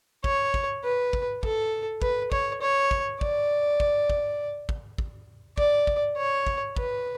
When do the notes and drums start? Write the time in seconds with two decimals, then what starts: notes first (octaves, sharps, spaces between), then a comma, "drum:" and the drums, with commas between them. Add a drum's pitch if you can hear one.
0.24 C#5, drum: kick
0.54 drum: kick
0.84 B4
1.13 drum: kick
1.43 A4, drum: kick
2.02 B4, drum: kick
2.32 C#5, drum: kick
2.61 C#5
2.91 drum: kick
3.21 D5, drum: kick
3.80 drum: kick
4.10 drum: kick
4.69 drum: kick
4.98 drum: kick
5.58 D5, drum: kick
5.87 drum: kick
6.17 C#5
6.47 drum: kick
6.76 B4, drum: kick